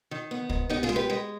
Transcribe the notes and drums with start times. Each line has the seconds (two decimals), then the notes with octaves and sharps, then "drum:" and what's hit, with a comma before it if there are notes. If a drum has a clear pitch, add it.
0.11 D#3
0.31 B3
0.49 G#2, drum: kick
0.69 B3 D#4 G4
0.83 F4 G#4
0.89 G#3
0.96 G4 B4
1.10 G#3